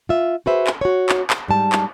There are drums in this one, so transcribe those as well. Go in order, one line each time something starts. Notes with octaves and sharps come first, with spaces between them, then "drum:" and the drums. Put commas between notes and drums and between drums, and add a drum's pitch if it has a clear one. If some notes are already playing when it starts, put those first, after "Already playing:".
F4 E5
F#4 G#4 B4 C5 E5
drum: clap
F#4 C#5
drum: clap
drum: clap
G#2 G3 A5
drum: clap